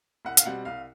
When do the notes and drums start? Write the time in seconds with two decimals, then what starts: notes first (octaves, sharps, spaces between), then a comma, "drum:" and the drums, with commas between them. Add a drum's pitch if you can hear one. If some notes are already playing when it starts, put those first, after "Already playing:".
0.25 C2 F#5
0.37 F5, drum: hi-hat
0.45 B2 G3 C4 F#5
0.65 C2 F5